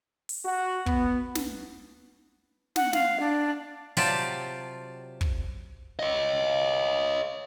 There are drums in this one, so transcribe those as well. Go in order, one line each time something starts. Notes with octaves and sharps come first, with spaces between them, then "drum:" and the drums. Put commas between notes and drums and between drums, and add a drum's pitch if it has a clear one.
drum: open hi-hat
F#4
B3, drum: kick
drum: snare
F#5, drum: snare
F5, drum: snare
D4
C3 F#3 F4 G4 D5 A5, drum: open hi-hat
drum: kick
C#5 D#5